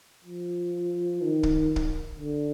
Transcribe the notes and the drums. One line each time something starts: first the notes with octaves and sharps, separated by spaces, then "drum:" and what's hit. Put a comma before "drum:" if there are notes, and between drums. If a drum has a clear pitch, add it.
F3
D#3
drum: kick
drum: kick
D3